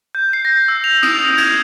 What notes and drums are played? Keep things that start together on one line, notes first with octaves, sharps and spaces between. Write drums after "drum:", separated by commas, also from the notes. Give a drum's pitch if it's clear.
G6
C7
A#6
E6
F7
D#6, drum: cymbal
G#6, drum: cymbal